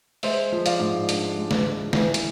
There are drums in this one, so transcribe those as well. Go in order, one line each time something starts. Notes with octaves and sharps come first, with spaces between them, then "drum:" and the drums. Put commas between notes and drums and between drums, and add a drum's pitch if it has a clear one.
G#3 C5 E5, drum: open hi-hat
F3
D5 F5, drum: hi-hat
G#2
D4, drum: hi-hat
G#3
drum: snare
F3
E3, drum: snare
drum: hi-hat